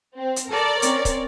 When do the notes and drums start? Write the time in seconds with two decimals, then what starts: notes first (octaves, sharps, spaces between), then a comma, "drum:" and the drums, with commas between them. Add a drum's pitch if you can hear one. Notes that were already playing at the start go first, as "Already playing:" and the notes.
0.17 C4
0.36 drum: hi-hat
0.49 A4 A#4 D5
0.82 C4 C#4 C#5, drum: hi-hat
1.05 drum: kick, hi-hat